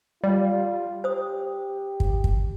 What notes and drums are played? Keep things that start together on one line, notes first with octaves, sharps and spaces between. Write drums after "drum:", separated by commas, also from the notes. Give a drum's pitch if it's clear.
G3 F4
G4 C5 D#6
drum: kick
drum: kick